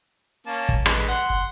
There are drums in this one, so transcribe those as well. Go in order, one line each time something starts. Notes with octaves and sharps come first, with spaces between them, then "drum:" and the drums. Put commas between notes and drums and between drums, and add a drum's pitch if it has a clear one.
A#3 C#4 A5
A1, drum: kick
D3 G#3 B4, drum: rim click
F#5 C6
F#1